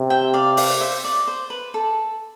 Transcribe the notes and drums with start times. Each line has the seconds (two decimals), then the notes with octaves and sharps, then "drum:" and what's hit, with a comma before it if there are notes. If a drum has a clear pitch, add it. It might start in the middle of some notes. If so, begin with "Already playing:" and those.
Already playing: C3
0.10 E5 G5
0.34 D5 F5
0.57 D5 F5, drum: open hi-hat
0.81 C5 E5
1.04 D5
1.27 C5
1.50 B4
1.74 A4